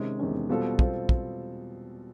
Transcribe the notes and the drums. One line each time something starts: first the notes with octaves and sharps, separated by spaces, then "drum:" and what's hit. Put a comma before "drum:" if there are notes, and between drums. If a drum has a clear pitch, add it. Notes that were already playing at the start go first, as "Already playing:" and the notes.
Already playing: C3 D#3 G#3 C#4
E2 C3 D#3 G#3 C#4
B2 G3 C4 F4 A4
B2 G3 C4 F4 A4, drum: kick
drum: kick